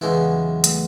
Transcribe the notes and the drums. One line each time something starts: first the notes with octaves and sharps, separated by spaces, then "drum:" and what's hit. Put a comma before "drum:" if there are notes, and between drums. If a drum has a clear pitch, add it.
E2 C#3 E3 G#3 B3 E4
F#3
A3, drum: hi-hat